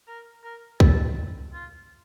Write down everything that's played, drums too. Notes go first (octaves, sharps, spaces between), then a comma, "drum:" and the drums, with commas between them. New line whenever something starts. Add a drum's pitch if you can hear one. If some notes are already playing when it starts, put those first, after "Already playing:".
A#4
A#4
A4, drum: kick C2
F4